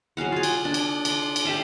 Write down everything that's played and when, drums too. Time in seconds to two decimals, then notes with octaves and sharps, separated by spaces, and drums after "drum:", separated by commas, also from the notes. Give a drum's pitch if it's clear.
0.17 F#3 G#4 F5 F#5
0.32 F4 G#4
0.43 drum: cymbal
0.65 D4
0.74 drum: cymbal
1.05 D5 C6, drum: cymbal
1.36 drum: cymbal
1.45 G4 E5 F5